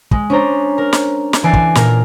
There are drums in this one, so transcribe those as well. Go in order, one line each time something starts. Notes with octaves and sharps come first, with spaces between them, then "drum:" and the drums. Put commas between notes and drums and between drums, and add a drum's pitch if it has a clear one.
G#3, drum: kick
C#4 D4 C5 A#5
A#4
drum: snare
drum: snare
E3 A4 D5 G#5 F#6 C7
drum: kick
A#2 A#4, drum: snare